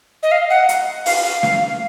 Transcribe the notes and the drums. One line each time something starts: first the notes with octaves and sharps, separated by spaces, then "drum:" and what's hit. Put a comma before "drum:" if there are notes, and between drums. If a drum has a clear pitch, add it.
D#5
F5
F#5
drum: hi-hat
F5, drum: open hi-hat
F5
F5, drum: snare